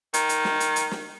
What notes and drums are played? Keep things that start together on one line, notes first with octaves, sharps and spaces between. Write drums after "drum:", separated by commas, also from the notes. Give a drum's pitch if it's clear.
D#3, drum: hi-hat
drum: hi-hat
drum: snare
drum: hi-hat
drum: hi-hat
drum: snare